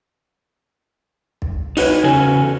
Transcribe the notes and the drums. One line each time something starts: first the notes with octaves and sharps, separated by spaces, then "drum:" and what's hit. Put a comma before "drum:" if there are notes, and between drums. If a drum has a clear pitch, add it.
drum: kick
D#4 F#4 B4 C#5, drum: open hi-hat
E2 C#3 C#4 F#4 A4 G#5